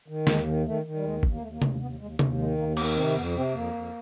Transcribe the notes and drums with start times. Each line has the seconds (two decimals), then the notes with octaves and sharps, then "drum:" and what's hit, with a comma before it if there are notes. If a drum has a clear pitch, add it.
0.08 D#3
0.27 D#2 G#3, drum: snare
0.46 D#3
0.66 D#3 A3
0.85 D#3
0.95 G3
1.04 D#2 G#3
1.23 D#2, drum: kick
1.33 A#3
1.42 D#2 A3
1.54 A#3
1.62 D#2 A3, drum: tom C3
1.81 D#2 B3
2.00 D#2 G#3
2.19 D#2 A3, drum: tom C3
2.38 D#3 G#3
2.57 D#2 A#3
2.77 D#3 B3, drum: cymbal
2.96 C3 C4
3.16 F2 B3
3.35 C3 C4
3.54 F2 A#3
3.74 F2